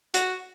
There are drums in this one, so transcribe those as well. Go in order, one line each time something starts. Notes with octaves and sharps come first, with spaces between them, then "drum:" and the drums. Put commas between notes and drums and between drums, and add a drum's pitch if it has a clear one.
F#4, drum: hi-hat